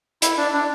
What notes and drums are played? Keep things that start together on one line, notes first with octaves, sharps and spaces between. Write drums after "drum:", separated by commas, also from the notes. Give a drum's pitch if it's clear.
E4, drum: hi-hat
D4
D4